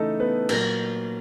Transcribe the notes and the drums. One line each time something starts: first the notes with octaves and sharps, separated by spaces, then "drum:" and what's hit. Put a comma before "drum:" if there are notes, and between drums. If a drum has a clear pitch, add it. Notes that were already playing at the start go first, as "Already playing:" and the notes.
Already playing: C#3 E3 A3 D#4 A4 D#5
B3 B4
A#2 F#3 A#3 A#4, drum: cymbal